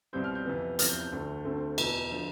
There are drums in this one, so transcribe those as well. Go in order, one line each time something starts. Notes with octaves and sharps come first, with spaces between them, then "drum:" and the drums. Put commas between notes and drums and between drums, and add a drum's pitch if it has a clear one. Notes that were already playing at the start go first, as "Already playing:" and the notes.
C2 B2 G3 C4 G6
F6
G6
F2 C3 E3 B3
E2 C3 F3 F6, drum: hi-hat
G6
G6
D2 D3 A3
D2 D3 A3 C4
E2 B2 B3, drum: cymbal
D3 F3